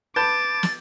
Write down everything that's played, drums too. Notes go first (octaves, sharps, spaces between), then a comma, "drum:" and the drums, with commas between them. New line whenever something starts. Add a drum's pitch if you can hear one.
B4 A5 D6 G6 A6
drum: snare